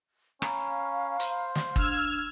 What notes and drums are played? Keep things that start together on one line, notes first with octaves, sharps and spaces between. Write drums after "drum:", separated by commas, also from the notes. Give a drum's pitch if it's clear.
C#4 F5 A#5 B5, drum: rim click
C5, drum: hi-hat
drum: snare
D4 E6 F6 G#6, drum: kick